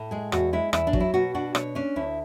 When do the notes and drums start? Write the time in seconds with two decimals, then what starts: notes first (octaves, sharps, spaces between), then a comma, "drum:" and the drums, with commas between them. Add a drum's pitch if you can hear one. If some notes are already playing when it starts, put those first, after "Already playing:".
Already playing: A2
0.11 G#3 G#4
0.32 E2 F#4, drum: rim click
0.53 G#3 E4
0.73 E2 E4, drum: rim click
0.87 D4
0.93 F#3, drum: kick
1.00 E4
1.14 B2 F#4
1.34 D4 F#4
1.55 B2 C#5, drum: rim click
1.75 C#4 D4
1.96 D2 E4